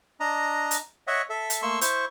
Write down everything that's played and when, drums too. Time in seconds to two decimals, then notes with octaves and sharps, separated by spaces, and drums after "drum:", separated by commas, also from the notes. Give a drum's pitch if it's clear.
0.20 D4 D#5 A#5
0.71 drum: hi-hat
1.07 C#5 D#5 E5 F#5
1.30 A4 E5
1.50 drum: hi-hat
1.62 A3 A#3 C6 C#6 E6
1.81 E4 C5 C#6, drum: hi-hat